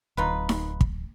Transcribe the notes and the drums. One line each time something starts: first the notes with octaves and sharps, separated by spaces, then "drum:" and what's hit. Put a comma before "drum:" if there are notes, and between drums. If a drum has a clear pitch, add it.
D1 D#4 F4 B4
drum: snare D#4
drum: kick